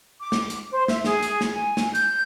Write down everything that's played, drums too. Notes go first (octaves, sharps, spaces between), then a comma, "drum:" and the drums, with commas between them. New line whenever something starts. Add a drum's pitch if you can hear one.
D6
drum: snare
drum: hi-hat
C5
E5, drum: snare
G#4, drum: snare
drum: hi-hat
drum: snare
G#5
drum: snare
G6, drum: hi-hat